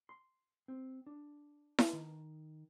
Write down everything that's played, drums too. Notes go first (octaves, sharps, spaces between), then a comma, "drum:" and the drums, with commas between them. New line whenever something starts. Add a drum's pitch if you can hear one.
C6
C4
D4
drum: snare E4
D#3